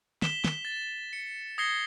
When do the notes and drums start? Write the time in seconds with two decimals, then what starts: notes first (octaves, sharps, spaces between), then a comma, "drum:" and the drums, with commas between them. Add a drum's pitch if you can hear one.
0.22 B6 E7 G7, drum: snare
0.45 drum: snare
0.65 A6
1.13 C#7
1.58 D#6 G#6 A#6 C7 C#7 G7